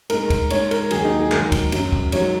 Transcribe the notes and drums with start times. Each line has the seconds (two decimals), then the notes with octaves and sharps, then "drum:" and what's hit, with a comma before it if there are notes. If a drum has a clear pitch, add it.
0.10 G#2 G#3 A#4, drum: cymbal
0.30 drum: kick, cymbal
0.50 G#2 G#3 C#5, drum: cymbal
0.71 A#4, drum: cymbal
0.90 D#2 D#3 F#3 G#4, drum: cymbal
1.04 D#4
1.18 G#4
1.32 G#2 D#3 F#3 A#4, drum: clap
1.52 drum: kick, cymbal
1.72 F#2 F#3, drum: cymbal
1.92 drum: kick
2.12 G#2 F#3 C#5, drum: cymbal